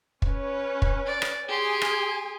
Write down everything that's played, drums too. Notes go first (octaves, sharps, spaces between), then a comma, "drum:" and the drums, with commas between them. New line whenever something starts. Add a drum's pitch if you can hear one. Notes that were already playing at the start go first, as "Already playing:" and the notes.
C#4 B4 C#5, drum: kick
drum: kick
D5
drum: rim click
G4 G#4 G#5 C6
drum: rim click